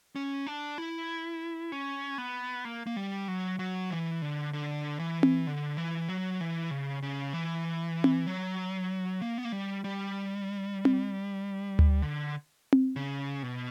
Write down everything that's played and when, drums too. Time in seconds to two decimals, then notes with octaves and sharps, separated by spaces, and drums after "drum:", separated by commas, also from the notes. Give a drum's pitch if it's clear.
0.16 C#4
0.47 D4
0.78 E4
1.72 C#4
2.18 B3
2.65 A#3
2.86 A#3
2.96 G3
3.28 F#3
3.59 F#3
3.90 E3
4.22 D3
4.53 D3
4.99 E3
5.23 drum: tom C4
5.47 D3
5.77 E3
6.08 F#3
6.41 E3
6.71 C#3
7.02 C#3
7.33 E3
8.04 drum: tom C4
8.27 F#3
9.21 A#3
9.38 B3
9.45 A#3
9.52 G3
9.84 G3
10.85 drum: tom C4
11.79 drum: tom D2
12.02 D3
12.73 drum: tom C4
12.96 C#3
13.43 B2